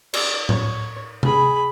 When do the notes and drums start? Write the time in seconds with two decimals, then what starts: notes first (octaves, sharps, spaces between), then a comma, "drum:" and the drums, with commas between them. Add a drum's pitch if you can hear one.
0.13 D5, drum: cymbal
0.49 C#5, drum: tom A2
1.23 G#4 B5, drum: tom C3